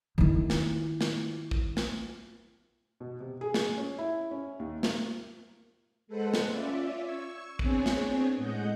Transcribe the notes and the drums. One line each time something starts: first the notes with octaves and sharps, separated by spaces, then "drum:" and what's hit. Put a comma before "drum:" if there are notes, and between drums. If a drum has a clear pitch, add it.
D#3 E4
drum: snare
drum: snare
drum: kick
drum: snare
B2
C3
G#4
drum: snare
C#4
E4
C#4
D#2
A#3, drum: snare
G#3 A4 B4 C5 F#5
drum: snare
C#4 F4 D5 E5
C#6 E6 G#6
B3 C4 D4 G#4 C#5 G#5, drum: kick
drum: snare
A2 G#3 D#5 F#5 G6